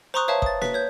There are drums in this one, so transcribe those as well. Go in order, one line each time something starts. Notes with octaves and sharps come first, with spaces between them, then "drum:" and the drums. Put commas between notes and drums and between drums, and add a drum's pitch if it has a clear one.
C5 A#5 C6 C#6 D#6 F#6
B4 C#5 E5 F5 A5
D#6 A6, drum: kick
B4 B6, drum: snare A#3
C#5 G6